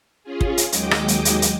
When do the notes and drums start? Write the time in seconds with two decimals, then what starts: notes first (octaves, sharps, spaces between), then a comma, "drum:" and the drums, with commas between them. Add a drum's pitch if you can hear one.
0.24 C#4 F4 G#4
0.41 drum: kick
0.58 drum: hi-hat
0.72 D#2 F#3 G#3 D#5 G5 D6, drum: hi-hat
0.91 drum: rim click
1.08 drum: hi-hat
1.25 drum: hi-hat
1.42 drum: hi-hat